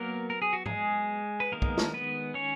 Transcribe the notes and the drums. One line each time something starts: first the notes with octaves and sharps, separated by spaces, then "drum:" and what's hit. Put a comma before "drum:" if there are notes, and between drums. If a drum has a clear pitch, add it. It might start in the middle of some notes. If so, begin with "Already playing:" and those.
Already playing: F#3 A#3 B3 A#4
A#4
G#4
F#4
G#3 G#4, drum: tom G#2
B4
D#3 G#3 A#3 B3 A#4
drum: kick
drum: snare
B3 B4
C#4 C#5